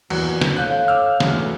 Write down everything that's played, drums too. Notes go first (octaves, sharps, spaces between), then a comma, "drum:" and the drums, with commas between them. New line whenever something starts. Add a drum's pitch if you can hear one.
E2 A#2 F#3 F#4, drum: cymbal
drum: snare
A4 C#5 F5 F#6 G6
D6 E6 F6
E2 A2 C#3 F#3 A3, drum: snare